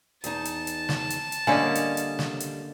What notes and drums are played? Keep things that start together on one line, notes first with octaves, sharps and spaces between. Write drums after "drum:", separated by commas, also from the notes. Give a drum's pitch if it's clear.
E2 D#4 A5, drum: hi-hat
drum: hi-hat
drum: hi-hat
drum: snare
drum: hi-hat
drum: hi-hat
D3 G3 A#3 C#4 D#5 G#5
drum: hi-hat
drum: hi-hat
drum: snare
drum: hi-hat